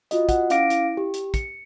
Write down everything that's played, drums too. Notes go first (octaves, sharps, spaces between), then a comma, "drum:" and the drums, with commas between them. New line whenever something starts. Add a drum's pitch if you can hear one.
F4 F#4 D#5, drum: hi-hat
F#5, drum: kick, hi-hat
C#4 E4 F5 D6 A#6 D7, drum: hi-hat
E4, drum: hi-hat
G4
drum: hi-hat
C#7, drum: kick, hi-hat